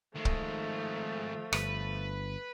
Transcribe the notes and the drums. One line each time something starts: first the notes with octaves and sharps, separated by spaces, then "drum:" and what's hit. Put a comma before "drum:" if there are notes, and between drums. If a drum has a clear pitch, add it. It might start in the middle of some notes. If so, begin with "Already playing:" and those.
D#3 F3 G#3 A3
drum: kick
G1 B4, drum: rim click